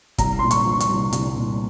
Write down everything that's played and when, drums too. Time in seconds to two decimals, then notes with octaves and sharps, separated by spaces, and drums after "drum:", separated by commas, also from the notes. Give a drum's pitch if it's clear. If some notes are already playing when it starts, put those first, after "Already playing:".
0.18 C2 A#5, drum: kick, hi-hat
0.39 A#2 C6
0.51 C#6, drum: hi-hat
0.65 F3
0.80 C#6, drum: hi-hat
0.89 C2
1.13 C2, drum: hi-hat
1.36 A#2